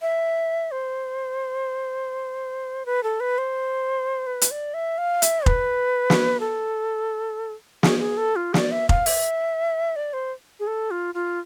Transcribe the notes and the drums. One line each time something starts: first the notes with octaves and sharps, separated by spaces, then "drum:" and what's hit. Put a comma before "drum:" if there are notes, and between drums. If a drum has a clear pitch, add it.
E5
C5
B4
A4
B4
C5
B4
drum: hi-hat
D5
E5
F5
E5, drum: hi-hat
B4, drum: kick F1
drum: snare
A4
G#4, drum: snare
G#4
A4
F4
D5, drum: snare
E5
F5, drum: kick F1
E5, drum: open hi-hat
D5
C5
G#4
A4
F4
F4